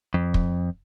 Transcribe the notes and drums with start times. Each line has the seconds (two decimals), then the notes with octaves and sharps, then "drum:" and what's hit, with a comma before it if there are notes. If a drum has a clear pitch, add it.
0.14 F2
0.34 drum: kick